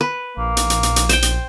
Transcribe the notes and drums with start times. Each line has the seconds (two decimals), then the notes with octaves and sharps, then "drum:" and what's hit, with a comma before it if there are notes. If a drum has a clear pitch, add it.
0.01 B4
0.37 A#1 A#3
0.57 drum: hi-hat
0.70 drum: hi-hat
0.83 drum: hi-hat
0.96 drum: hi-hat
1.09 C5 G5, drum: hi-hat
1.22 drum: hi-hat